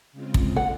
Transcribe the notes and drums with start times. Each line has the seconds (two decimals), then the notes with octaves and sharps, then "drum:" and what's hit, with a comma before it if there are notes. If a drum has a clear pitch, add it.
0.12 C#3 G#3 C4 F4
0.34 drum: kick
0.56 F#5